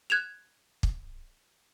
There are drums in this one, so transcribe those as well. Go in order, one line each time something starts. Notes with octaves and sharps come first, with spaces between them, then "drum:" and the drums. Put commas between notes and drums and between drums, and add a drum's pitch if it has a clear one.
F#6 G#6 E7 F7
drum: kick